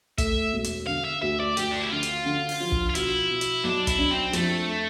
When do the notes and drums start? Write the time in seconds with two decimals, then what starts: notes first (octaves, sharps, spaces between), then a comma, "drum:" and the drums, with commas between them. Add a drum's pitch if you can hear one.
0.18 A3 E5, drum: kick, hi-hat
0.53 E1
0.64 drum: hi-hat
0.87 D3 F5
1.04 E5
1.22 D2 E5
1.40 D5
1.57 D2 G4, drum: hi-hat
1.71 D4
1.81 E4
1.91 D3 F4
2.03 drum: hi-hat
2.26 D3
2.49 drum: open hi-hat
2.60 F3
2.72 drum: kick
2.90 F4
2.95 B2 E4, drum: hi-hat
3.30 B2
3.41 drum: hi-hat
3.64 B1 D4
3.87 E4, drum: kick, hi-hat
3.98 D4
4.10 C4
4.33 F2 A3, drum: hi-hat